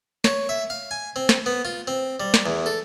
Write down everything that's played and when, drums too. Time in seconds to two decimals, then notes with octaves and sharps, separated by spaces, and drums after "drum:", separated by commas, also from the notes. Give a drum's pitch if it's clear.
0.24 C#5, drum: snare
0.49 E5
0.70 F5
0.91 G#5
1.16 C4
1.29 drum: snare
1.46 B3
1.65 F4
1.87 C4
2.20 G3
2.34 drum: snare
2.46 E2
2.66 A4